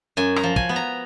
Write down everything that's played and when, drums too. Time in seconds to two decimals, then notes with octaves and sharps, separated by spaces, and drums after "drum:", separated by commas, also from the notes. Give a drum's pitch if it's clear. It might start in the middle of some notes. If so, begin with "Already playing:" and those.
0.17 F#2 G#5
0.36 A#5, drum: rim click
0.43 F3
0.56 G#5, drum: kick
0.69 B3
0.76 A#5